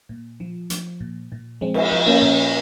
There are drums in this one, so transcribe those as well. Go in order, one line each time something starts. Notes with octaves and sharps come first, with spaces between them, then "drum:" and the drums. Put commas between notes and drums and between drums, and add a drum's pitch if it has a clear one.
A#2
F3
F3, drum: hi-hat
A#2
A#2
F3 G#3 C4
drum: cymbal
F3
A#3 C#4
A#2